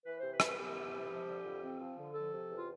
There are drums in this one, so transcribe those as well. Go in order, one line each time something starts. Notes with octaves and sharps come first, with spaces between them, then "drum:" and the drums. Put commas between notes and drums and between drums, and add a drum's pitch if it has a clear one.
E3 B4
C3 C5
B4
C2, drum: rim click
B3 G4
E3
C3
F3
D3
F2
C4
F3
D3
F3 A4
C3
E2
F4